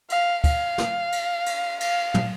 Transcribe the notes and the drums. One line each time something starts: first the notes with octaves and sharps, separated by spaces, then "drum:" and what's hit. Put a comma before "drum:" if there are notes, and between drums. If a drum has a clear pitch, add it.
F5, drum: cymbal
F5, drum: kick, cymbal
drum: snare
drum: cymbal
drum: cymbal
F5, drum: cymbal
drum: tom